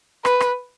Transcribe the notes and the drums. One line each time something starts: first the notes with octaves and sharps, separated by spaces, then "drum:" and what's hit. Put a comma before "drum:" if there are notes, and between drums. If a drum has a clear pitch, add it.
B4, drum: rim click
drum: rim click